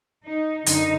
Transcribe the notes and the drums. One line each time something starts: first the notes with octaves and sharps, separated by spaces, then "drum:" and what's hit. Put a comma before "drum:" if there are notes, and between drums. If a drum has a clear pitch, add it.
D#4
F#2 D3 D#4, drum: hi-hat